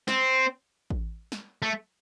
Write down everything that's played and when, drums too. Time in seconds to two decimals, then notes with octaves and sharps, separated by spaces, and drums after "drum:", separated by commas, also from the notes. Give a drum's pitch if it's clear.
0.08 C4, drum: snare
0.90 drum: kick A1
1.32 drum: snare
1.62 A3